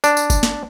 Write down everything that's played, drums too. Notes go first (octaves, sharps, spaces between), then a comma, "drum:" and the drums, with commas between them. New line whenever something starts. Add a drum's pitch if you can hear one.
D4, drum: tambourine
drum: tambourine
drum: kick F#1, tambourine
drum: snare